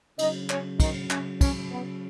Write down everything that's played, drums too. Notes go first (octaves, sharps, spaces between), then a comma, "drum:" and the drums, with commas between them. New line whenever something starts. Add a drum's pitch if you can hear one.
C#3 F#3 D#4 D#5, drum: cymbal
C#4 C#5, drum: clap
D#3 D#4, drum: kick, cymbal
C#4, drum: clap
C#4, drum: kick, cymbal
B3